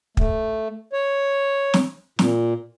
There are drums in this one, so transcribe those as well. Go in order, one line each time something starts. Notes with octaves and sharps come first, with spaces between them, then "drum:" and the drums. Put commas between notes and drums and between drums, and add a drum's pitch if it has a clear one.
A3, drum: kick
C#5
drum: snare
A#2, drum: snare